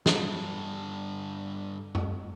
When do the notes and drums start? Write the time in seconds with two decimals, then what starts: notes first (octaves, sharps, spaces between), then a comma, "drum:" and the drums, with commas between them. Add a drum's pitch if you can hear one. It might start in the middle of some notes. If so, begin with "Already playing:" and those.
0.06 G2 A4, drum: snare
1.95 drum: tom F#2